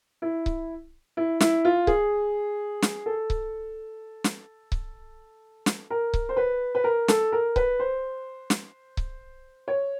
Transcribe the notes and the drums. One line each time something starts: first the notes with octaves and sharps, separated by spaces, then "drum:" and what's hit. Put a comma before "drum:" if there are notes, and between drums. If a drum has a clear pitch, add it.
E4
drum: kick C#1
E4
E4, drum: snare
F4
G#4, drum: kick C#1
drum: snare
A4
drum: kick C#1
drum: snare
drum: kick C#1
drum: snare
A#4
drum: kick C#1
C5
B4
B4
A#4
A4, drum: snare
A#4
B4, drum: kick C#1
C5
drum: snare
drum: kick C#1
C#5